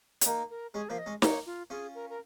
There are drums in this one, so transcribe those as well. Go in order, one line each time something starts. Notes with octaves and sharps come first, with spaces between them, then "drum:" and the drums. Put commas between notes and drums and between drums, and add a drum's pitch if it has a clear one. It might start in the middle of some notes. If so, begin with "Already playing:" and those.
C#5, drum: hi-hat
A#3 D#4 A#4
A#4
G#3 C#4 G#4
F3 A#3 F5
D#5
G#3 C#4
A#3 D#4 C#5, drum: snare
F4
C#4 F4 G#4
A#4
A#4